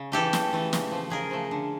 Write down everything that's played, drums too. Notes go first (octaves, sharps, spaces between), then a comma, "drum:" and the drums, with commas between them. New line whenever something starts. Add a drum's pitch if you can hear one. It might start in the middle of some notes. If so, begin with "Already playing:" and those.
Already playing: C#3
E3 A3 G4 A4
C#3, drum: snare
E3 A3
C#3, drum: snare
F3 A3
C#3 G#4 A#4
F3 A3
D3